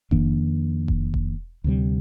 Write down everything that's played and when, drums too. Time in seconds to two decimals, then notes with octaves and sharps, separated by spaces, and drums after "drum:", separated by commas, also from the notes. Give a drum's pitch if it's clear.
0.11 F2 D#3 A#3 D4, drum: kick E1
0.88 drum: kick E1
1.14 drum: kick E1
1.64 D2 C3 G3